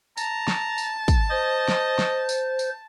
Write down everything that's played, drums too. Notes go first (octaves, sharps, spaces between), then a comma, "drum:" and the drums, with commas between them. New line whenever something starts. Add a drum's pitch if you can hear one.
A5 A#5, drum: tambourine
drum: snare
drum: tambourine
drum: kick, tambourine
C5 D#5
drum: snare
drum: snare
drum: tambourine
drum: tambourine